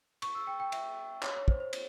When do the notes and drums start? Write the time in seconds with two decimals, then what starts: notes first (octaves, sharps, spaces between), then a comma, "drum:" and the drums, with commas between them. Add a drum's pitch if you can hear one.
0.22 C#6, drum: cymbal
0.35 E6
0.47 G5
0.60 G5
0.72 E5, drum: cymbal
1.23 C#5, drum: clap
1.36 C#5
1.48 C5, drum: kick
1.60 C5
1.73 drum: cymbal